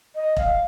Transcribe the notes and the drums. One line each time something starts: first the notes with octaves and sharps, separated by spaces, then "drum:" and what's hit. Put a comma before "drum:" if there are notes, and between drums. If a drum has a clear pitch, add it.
D#5
F5, drum: kick E1